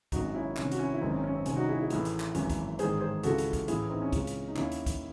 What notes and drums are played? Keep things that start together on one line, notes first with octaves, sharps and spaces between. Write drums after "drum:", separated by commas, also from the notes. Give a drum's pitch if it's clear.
G#1 F#2 D#3 D#4 F#4, drum: kick, hi-hat
C#4 E4
C2 C3 D#3 C#4, drum: clap
F#4, drum: hi-hat
C#4 E4
E4
G#1 F#2 D#3 C4 D#4
C#4
C#4
C4
C2 C3 D#3 C#4, drum: hi-hat
D#4 F#4
E4 G#4
E4 G#4
A1 A2 E3, drum: hi-hat
drum: hi-hat
drum: clap
G#1 F#2 E3, drum: hi-hat
drum: kick, hi-hat
A1 G#2 D#3 G#4 C5, drum: hi-hat
G#4 C5
C#2 C#3 E3 F#4 A4, drum: hi-hat
drum: hi-hat
drum: kick, hi-hat
A1 A2 E3 E4 G#4, drum: hi-hat
C4 D#4
C#4
C#2 C#3 E3, drum: kick, hi-hat
drum: hi-hat
D#4
D#2 D#3 C#4 E4, drum: clap
drum: hi-hat
drum: kick, hi-hat